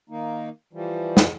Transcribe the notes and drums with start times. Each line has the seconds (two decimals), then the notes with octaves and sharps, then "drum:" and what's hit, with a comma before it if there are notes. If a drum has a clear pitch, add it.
0.10 D#3 A#3 D#4
0.73 E3 F3 G3
1.17 drum: snare